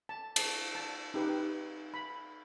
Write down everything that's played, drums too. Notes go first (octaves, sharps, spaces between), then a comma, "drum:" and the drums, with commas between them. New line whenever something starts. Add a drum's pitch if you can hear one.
A5
A5, drum: cymbal
A5
D#4 G4 B4
B5